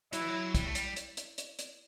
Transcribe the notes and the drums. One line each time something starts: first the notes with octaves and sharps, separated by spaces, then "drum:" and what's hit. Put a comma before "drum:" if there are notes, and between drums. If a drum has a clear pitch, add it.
F#3 E4, drum: hi-hat
E3
F#3
G3, drum: kick, hi-hat
A3
G3, drum: hi-hat
drum: hi-hat
drum: hi-hat
drum: hi-hat
drum: hi-hat